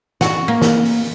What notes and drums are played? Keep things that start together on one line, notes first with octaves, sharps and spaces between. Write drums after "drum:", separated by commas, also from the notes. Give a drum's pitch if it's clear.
F#4, drum: snare
A#3
drum: snare
drum: open hi-hat